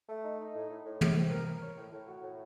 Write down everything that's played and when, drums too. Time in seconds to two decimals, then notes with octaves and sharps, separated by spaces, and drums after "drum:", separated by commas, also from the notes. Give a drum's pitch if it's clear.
0.09 A3
0.25 D#4
0.40 D#4
0.55 A2
0.70 A2
0.85 A2
1.01 A2, drum: tom
1.16 C4
1.31 A#4
1.47 A#4
1.62 C#5
1.77 A2
1.92 A2
2.07 F#4
2.23 A2